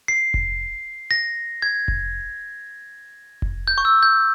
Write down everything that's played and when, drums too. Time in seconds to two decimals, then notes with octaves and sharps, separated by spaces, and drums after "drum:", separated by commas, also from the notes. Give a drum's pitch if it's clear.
0.08 C7
0.34 drum: kick F1
1.11 A#6
1.62 G#6
1.88 drum: kick F1
3.42 drum: kick F1
3.68 G6
3.78 C#6
3.85 E6
4.03 G6